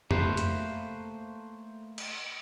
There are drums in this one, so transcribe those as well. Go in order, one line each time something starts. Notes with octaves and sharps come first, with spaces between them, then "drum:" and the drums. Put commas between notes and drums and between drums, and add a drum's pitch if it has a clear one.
A3 A#3 B4 C5, drum: tom
drum: hi-hat
drum: cymbal